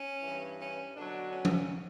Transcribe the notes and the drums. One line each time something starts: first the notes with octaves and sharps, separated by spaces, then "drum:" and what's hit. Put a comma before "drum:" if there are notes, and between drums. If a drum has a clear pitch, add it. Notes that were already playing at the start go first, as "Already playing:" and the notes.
Already playing: C#4
G2 E3
C#4
B2 D3 F#3 D4
C#4
drum: tom F3